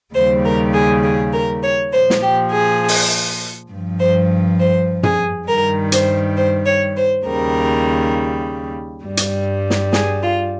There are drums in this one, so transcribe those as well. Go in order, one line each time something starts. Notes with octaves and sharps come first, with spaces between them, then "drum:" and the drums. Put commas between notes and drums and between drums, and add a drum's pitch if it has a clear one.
D#2 C#3 G3 C5
A#4
G#4
G#4
A#4
C#5
A#2 F3 C5
drum: snare
G4
G#4
drum: open hi-hat
G2 F3
C5
C5
G#4, drum: tom
G2 D#3 G3 A#4
C5, drum: hi-hat
C5
C#5
C5
D#2 C#3 G3 A#4
G2 G3
drum: hi-hat
drum: snare
G#4, drum: snare
F4